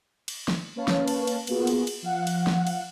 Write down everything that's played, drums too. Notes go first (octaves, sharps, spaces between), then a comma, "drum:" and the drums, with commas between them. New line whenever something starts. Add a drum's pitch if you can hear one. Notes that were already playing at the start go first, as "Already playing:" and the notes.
drum: cymbal
drum: snare
A#3 C#4 B4 C#5 F5 A5
drum: snare
drum: cymbal
drum: cymbal
A#3 B3 F4 F#4 G#4, drum: cymbal
drum: cymbal
drum: cymbal
F3 F5 F#5
drum: cymbal
drum: snare
drum: cymbal